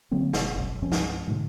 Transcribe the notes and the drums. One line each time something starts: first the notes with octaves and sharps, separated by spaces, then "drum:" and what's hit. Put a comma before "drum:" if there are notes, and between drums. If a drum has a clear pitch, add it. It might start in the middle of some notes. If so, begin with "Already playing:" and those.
D3 F#3 A#3 C4
F#1 B2, drum: snare
F#1 B1 F#2
C2 G2 F3 C#4
drum: snare
G#2 B2 D3 A3